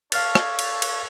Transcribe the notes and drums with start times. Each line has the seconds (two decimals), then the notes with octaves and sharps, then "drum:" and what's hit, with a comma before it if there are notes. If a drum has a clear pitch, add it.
0.12 D4 A4 C#5 F5 F6 A6, drum: cymbal
0.35 drum: rim click
0.59 drum: cymbal
0.82 drum: cymbal